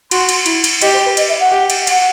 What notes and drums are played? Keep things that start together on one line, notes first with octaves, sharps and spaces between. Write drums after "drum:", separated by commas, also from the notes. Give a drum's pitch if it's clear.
F#4 C6, drum: cymbal
drum: cymbal
E4, drum: cymbal
drum: cymbal
G4 D#5, drum: cymbal
C5
B4
D#5, drum: cymbal
E5
F#5
G4
drum: cymbal
F#5, drum: cymbal